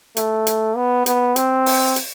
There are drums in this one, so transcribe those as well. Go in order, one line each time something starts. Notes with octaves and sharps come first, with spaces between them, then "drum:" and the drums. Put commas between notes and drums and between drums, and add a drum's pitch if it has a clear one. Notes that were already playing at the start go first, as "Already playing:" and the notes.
A3, drum: hi-hat
drum: hi-hat
B3
B3, drum: hi-hat
C4, drum: hi-hat
drum: open hi-hat
drum: hi-hat